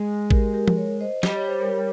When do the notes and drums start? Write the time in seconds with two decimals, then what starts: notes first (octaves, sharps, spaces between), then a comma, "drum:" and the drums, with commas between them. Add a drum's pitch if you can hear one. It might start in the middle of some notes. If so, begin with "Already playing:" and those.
Already playing: G#3
0.31 G4 A#4, drum: kick
0.53 G4 A#4
0.68 drum: tom F3
0.77 A#4 C#5
1.01 C5 D#5
1.23 G3 D#5, drum: snare
1.36 C#5
1.47 C5
1.60 A#4 C#5